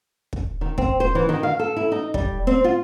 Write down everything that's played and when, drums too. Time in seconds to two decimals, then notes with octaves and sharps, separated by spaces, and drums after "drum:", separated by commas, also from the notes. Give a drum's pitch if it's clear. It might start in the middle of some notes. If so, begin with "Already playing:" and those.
0.33 drum: kick
0.61 D#3
0.78 C4, drum: kick
1.00 C5
1.15 E3
1.29 D#3
1.43 F5
1.59 A4
1.76 E4
1.92 D#4
2.14 G3, drum: kick
2.47 C4
2.64 F4